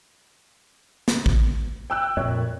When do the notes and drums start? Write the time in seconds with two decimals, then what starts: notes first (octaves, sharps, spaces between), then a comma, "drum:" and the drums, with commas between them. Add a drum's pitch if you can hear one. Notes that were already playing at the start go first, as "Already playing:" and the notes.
1.08 drum: snare
1.26 drum: kick A1
1.90 G5 E6 F#6
2.17 F2 A#2 C#5